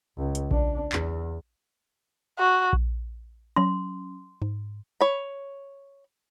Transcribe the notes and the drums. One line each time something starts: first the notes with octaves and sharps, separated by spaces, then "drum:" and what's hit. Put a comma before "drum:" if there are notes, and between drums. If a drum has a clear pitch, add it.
C#2
drum: hi-hat
D4, drum: kick A#1
E2, drum: clap
F#4
drum: kick A#1
F#3 C#4 C6
G#2
C#5 B5